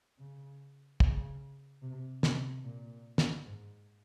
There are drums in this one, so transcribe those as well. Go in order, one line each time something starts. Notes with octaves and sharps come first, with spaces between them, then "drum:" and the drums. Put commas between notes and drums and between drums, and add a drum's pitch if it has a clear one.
C#3
C#3, drum: kick
C3
C3, drum: snare
A#2
drum: snare
G#2